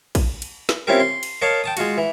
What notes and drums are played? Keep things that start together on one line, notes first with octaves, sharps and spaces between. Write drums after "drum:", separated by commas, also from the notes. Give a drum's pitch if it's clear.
drum: kick, cymbal
drum: cymbal
drum: snare
C4 C#4 E4 F4 G4 A#4
C6
drum: cymbal
A#4 C#5 D#5 F5 A5
G5 A5 D#6
G#3 F4 F#4, drum: cymbal
E3